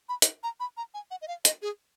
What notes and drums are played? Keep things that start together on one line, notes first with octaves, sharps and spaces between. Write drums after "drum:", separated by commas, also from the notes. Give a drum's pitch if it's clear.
B5
drum: hi-hat
A#5
B5
A#5
G#5
F#5
D#5
F5
D#5, drum: hi-hat
G#4